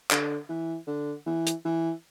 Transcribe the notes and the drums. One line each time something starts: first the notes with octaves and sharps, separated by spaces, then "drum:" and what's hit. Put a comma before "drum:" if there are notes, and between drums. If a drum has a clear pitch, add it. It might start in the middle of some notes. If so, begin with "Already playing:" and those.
D3, drum: clap
E3
D3
E3
drum: hi-hat
E3